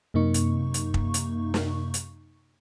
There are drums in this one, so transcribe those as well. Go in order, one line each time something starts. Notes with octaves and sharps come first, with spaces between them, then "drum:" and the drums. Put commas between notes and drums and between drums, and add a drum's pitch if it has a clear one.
F#2 C3 A#3 D#4 C#6
drum: hi-hat
drum: hi-hat
drum: kick
drum: hi-hat
drum: snare
drum: hi-hat